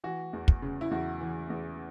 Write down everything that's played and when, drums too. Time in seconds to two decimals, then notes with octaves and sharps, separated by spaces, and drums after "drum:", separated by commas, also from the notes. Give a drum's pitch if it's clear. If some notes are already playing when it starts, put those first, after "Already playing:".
0.04 E3 F#4
0.33 E2
0.48 drum: kick
0.62 C#3
0.81 E4
0.91 E2 F#4
1.21 E3
1.50 E2